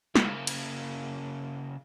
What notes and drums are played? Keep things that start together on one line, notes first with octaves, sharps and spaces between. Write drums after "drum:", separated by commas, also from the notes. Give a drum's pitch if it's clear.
C#3 A#3, drum: snare
drum: cymbal